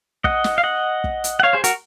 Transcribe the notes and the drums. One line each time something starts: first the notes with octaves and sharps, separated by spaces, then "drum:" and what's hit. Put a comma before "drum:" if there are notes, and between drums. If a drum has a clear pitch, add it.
D#5 F#5, drum: kick
drum: snare
F5
D#5 F#5
drum: kick
drum: hi-hat
F#5
C#5 F5
G#4 C5
F#4 A#4, drum: hi-hat